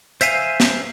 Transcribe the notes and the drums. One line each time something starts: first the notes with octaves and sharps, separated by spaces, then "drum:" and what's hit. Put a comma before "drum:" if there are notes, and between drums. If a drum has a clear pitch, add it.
C5 E5 F5 G#5, drum: hi-hat
drum: snare